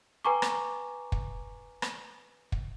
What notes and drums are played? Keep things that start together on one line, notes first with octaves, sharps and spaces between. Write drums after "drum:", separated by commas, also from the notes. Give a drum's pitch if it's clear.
B4 G5 G#5 A#5 C#6 D6
drum: rim click
drum: kick
drum: rim click
drum: kick